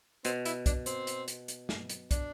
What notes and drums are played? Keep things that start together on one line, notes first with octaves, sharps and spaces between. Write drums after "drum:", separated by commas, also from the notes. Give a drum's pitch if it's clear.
B2 C4, drum: hi-hat
E4, drum: hi-hat
D4, drum: kick, hi-hat
C4, drum: hi-hat
drum: hi-hat
drum: hi-hat
drum: hi-hat
drum: snare
drum: hi-hat
D4, drum: kick, hi-hat